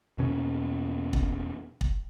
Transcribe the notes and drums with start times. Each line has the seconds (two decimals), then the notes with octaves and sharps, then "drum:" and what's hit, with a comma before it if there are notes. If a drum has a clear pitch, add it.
0.18 E2 B2 C#4
1.13 drum: kick
1.81 drum: kick